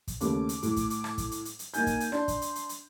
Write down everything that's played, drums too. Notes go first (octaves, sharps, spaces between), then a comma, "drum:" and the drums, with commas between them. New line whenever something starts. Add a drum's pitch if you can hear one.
drum: kick, hi-hat
D#2 C#3 A3 D6, drum: hi-hat
drum: hi-hat
A2, drum: hi-hat
drum: kick, hi-hat
drum: hi-hat
drum: rim click
drum: kick, hi-hat
drum: hi-hat
drum: hi-hat
drum: hi-hat
A#3 D#4 G#5 G6, drum: hi-hat
drum: kick, hi-hat
drum: hi-hat
D4 C6, drum: rim click
drum: kick, hi-hat
drum: hi-hat
drum: hi-hat
drum: hi-hat